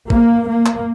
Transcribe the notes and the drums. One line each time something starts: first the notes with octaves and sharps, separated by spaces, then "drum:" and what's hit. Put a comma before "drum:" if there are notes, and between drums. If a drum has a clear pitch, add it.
A#3, drum: kick A1
A#3
drum: clap